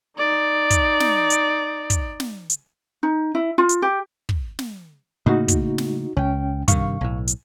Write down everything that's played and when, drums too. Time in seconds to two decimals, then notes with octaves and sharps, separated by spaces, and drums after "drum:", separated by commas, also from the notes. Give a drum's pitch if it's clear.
0.18 D#4 D5
0.70 drum: kick, hi-hat
1.00 drum: snare
1.30 drum: hi-hat
1.90 drum: kick, hi-hat
2.20 drum: snare
2.50 drum: hi-hat
3.03 D#4
3.35 E4
3.58 F4
3.69 drum: hi-hat
3.82 G4
4.29 drum: kick
4.59 drum: snare
5.26 A2 C#3 A#3 D#4 F#4
5.48 drum: kick, hi-hat
5.78 drum: snare
6.17 C#2 C#4 G5
6.68 G2 C3 D#3 F5 C#6, drum: kick, hi-hat
7.01 B1 A2
7.27 drum: hi-hat